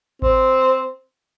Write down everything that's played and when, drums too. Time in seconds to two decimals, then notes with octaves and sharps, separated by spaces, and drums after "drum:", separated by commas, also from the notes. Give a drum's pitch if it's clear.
0.22 C4, drum: kick G#1